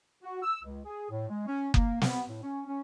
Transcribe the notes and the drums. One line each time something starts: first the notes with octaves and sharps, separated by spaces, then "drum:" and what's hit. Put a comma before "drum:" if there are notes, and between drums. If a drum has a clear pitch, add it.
F#4
E6
C#2
G#4
A2
G#3
C#4
A#3, drum: kick F#1
B3, drum: snare
A2
C#4
C#4